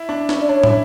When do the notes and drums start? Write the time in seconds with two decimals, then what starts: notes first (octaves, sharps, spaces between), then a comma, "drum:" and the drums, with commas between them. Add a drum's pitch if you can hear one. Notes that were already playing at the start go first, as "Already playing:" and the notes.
Already playing: E4
0.09 D4
0.29 C#4, drum: snare
0.41 D5
0.49 D4 C#5
0.63 E4, drum: tom